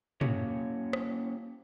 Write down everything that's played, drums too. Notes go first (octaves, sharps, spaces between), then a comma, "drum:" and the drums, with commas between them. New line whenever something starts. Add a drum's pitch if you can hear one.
A#3 C#4 F#4 C#5, drum: tom
drum: rim click